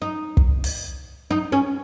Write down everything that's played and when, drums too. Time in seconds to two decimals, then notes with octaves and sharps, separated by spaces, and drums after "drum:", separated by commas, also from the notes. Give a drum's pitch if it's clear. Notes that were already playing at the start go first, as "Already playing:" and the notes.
0.02 D#4
0.37 drum: kick
0.64 drum: open hi-hat
1.31 D#4
1.52 C#4